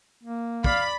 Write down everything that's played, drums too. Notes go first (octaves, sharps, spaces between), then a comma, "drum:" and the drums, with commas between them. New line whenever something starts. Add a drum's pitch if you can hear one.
A#3
D5 F5 B5, drum: kick